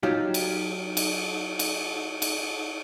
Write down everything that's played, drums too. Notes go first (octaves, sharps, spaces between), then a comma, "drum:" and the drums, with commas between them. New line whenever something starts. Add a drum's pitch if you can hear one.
F#3 D#4 F4 G4
drum: cymbal
drum: cymbal
drum: cymbal
drum: cymbal